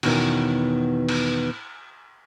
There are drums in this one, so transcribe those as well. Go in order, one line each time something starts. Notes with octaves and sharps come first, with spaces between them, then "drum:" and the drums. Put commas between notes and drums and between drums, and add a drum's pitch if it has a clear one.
E2 B2 D#3 B3 C#4 F#4, drum: cymbal
drum: cymbal